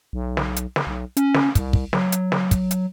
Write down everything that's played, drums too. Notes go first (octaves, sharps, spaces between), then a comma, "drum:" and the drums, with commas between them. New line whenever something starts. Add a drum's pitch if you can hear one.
B1
drum: snare
drum: hi-hat
drum: snare
B1
C#4, drum: hi-hat
drum: snare
C2, drum: kick, hi-hat
drum: kick
F#3, drum: snare
drum: hi-hat
drum: snare
drum: kick, hi-hat
drum: hi-hat